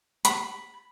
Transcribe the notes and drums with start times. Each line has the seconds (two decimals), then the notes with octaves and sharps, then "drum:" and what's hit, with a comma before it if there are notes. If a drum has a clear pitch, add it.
0.25 B5, drum: hi-hat